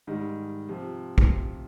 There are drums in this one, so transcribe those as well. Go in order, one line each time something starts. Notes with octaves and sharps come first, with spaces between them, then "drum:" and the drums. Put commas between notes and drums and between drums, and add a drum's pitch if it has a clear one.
G#2 D#3 G3
C3 F3
drum: kick